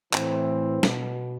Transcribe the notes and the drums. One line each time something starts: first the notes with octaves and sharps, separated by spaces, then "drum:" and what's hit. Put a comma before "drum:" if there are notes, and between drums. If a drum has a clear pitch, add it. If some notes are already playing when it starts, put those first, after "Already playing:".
A2 E3 C4, drum: clap
B2, drum: snare